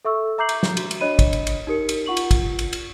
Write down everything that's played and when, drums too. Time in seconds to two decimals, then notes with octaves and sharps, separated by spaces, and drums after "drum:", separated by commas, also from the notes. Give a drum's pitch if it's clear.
0.05 A4 E5 C#6 E6
0.38 E5 A#5 D6 G6 C7 F#7
0.49 drum: cymbal
0.63 drum: snare
0.77 F#4, drum: cymbal
0.91 drum: cymbal
1.00 D4 C#5 D#5 B5 D#7
1.19 drum: kick, cymbal
1.33 drum: cymbal
1.47 drum: cymbal
1.67 D#4 G4 A#4 C#7
1.89 drum: cymbal
2.06 F4 F#5 C#6 F#7
2.17 drum: cymbal
2.31 drum: kick, cymbal
2.59 drum: cymbal
2.73 drum: cymbal